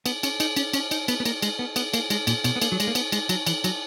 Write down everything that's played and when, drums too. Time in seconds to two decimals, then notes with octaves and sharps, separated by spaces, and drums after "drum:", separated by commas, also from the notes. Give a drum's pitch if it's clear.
0.06 B3, drum: cymbal
0.23 C#4, drum: cymbal
0.40 D#4, drum: cymbal
0.56 C#4, drum: cymbal
0.73 C#4, drum: cymbal
0.91 D#4, drum: cymbal
1.08 B3, drum: cymbal
1.20 B3
1.25 A#3, drum: cymbal
1.42 G#3, drum: cymbal
1.59 B3
1.76 B3, drum: cymbal
1.94 A#3, drum: cymbal
2.10 G#3, drum: cymbal
2.27 A#2, drum: cymbal
2.44 B2, drum: cymbal
2.56 B3
2.62 A#3, drum: cymbal
2.72 F#3
2.80 G#3, drum: cymbal
2.87 A#3
2.95 B3, drum: cymbal
3.12 G#3, drum: cymbal
3.29 F#3, drum: cymbal
3.47 E3, drum: cymbal
3.64 F#3, drum: cymbal